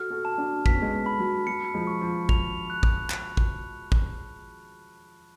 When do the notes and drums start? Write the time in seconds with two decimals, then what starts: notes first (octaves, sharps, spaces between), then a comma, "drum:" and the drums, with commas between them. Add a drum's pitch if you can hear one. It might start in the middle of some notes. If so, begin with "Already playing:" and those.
Already playing: F#4 A4 F6
0.10 F#4 A4
0.25 A5
0.38 D4 F#4
0.66 B3 B6, drum: kick
0.74 C#4
0.82 G#3 B3
1.06 B5
1.20 F#3
1.47 F#3 C#7
1.74 F3 G#3
1.87 C#6
2.01 F3
2.29 F7, drum: kick
2.70 F#6
2.83 drum: kick
3.10 drum: clap
3.37 drum: kick
3.92 drum: kick